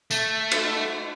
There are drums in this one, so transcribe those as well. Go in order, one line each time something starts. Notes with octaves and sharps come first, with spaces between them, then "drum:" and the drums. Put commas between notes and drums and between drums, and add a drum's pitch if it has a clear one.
A3, drum: tambourine
drum: cymbal